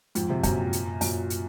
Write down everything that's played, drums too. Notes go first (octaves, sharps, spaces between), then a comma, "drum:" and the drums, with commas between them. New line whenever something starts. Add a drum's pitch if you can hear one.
F2 G#2, drum: hi-hat
G#2 C3
F#2 A#2, drum: kick, hi-hat
drum: hi-hat
F#2 A#2, drum: open hi-hat
drum: hi-hat